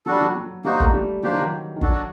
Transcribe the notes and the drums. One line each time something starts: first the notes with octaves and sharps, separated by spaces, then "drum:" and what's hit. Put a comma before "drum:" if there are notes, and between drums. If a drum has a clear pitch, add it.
F#3 G3 D4 F#4 A4
F#3
F#3
G3 A#3 D#4 F#4 C5
A3, drum: kick
G3
F#3 A#3 D4 G4 C5
D#3
F#3
D#3
F#3 D4 F#4 A4, drum: kick